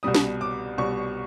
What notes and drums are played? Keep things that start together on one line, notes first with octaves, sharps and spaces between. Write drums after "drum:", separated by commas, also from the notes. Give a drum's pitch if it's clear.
C2 B2 G3 D#6
drum: snare
D6
C2 B2 G3 C#6